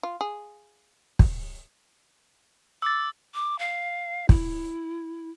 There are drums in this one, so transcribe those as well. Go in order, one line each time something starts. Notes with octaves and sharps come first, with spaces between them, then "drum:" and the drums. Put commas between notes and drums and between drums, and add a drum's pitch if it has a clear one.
F4
G#4
drum: kick
D6 E6 A6
D6
F5
E4, drum: kick